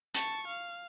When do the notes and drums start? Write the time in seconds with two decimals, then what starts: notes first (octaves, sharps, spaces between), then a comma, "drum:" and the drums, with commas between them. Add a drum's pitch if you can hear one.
0.15 A5 C#6, drum: hi-hat
0.48 F5